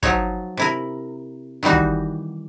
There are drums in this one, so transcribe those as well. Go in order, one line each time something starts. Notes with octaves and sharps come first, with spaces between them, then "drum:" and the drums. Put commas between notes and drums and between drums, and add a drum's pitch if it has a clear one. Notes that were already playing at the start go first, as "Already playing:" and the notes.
F3 F#3 D#4 C#5, drum: kick
C3 E4 A#4
D#3 E3 G3 D#4 F#4
drum: kick